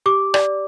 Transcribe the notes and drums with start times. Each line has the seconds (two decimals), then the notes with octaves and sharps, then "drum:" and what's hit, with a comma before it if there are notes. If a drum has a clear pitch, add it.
0.06 G4 D6
0.34 D5, drum: rim click